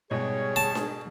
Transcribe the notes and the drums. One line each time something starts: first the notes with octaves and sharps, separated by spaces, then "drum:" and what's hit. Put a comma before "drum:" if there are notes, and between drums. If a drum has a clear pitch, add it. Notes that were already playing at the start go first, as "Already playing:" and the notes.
G#2 B2 G3 G#4 C#5
A5
drum: snare D4